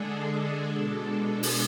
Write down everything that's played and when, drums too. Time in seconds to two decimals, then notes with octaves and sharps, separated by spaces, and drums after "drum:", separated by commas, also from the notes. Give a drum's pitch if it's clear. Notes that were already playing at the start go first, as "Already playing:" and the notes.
Already playing: D3 G#3 D4 G#4 A4
0.11 A4
0.70 B2 G#3 D4
1.29 A4
1.43 drum: open hi-hat